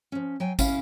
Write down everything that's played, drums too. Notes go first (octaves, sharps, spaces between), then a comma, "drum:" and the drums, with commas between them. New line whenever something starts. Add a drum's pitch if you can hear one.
F3 C#4
F#3 G5 G#5
C#4 E4 F5, drum: kick, tambourine